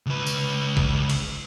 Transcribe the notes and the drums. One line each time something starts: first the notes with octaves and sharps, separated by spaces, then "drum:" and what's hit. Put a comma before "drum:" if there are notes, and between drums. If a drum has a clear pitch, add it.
C#2 B4
drum: tambourine
drum: kick
drum: cymbal